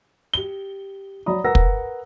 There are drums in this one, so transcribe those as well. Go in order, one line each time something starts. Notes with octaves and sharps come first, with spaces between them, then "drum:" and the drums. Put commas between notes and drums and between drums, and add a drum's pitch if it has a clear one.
G4 G7
F#3 D5 A#5 B5 D#6
A#4 B4 F#5 A#5 E6 A#6
drum: kick